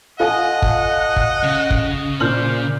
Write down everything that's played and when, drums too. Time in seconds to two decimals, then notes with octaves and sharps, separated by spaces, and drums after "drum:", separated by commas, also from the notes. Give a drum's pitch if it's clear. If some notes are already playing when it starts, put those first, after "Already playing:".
0.20 F4 A4 D#5 F#5 G#5
0.62 drum: kick
1.16 drum: kick
1.43 C#3
1.70 drum: kick
2.20 A#2 C5 F6 F#7